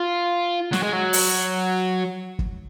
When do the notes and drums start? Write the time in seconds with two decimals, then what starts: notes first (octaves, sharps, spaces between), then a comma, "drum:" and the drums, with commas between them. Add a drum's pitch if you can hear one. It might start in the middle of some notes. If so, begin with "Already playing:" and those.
Already playing: F4
0.73 F#3, drum: snare
0.83 G#3
0.93 F#3
1.13 drum: open hi-hat
2.39 drum: kick